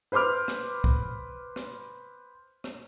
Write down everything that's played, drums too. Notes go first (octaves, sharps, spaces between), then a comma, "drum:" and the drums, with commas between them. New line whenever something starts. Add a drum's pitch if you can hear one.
B4 C5 C6 D6 F6
drum: rim click
drum: kick C2
drum: rim click
drum: rim click